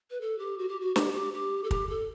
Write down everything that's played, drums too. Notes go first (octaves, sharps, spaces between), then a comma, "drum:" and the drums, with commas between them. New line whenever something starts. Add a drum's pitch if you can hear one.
B4
A4
G4
F#4
G4
F#4
G4, drum: snare
G4
G4
A4
G4, drum: kick
A4